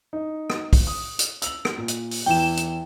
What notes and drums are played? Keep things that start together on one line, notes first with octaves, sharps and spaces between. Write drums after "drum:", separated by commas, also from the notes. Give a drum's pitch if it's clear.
D#4
drum: rim click
drum: kick, open hi-hat
D#6
drum: hi-hat
E6 F7 F#7, drum: hi-hat
drum: rim click
A#2
drum: hi-hat
drum: open hi-hat
E2 E3 G5 E7
drum: hi-hat